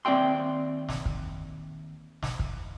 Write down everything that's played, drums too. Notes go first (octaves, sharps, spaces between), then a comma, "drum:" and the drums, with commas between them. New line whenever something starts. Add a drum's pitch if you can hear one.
D#2 C4 D5 E5 G5 C6
drum: snare
drum: kick
drum: snare
drum: kick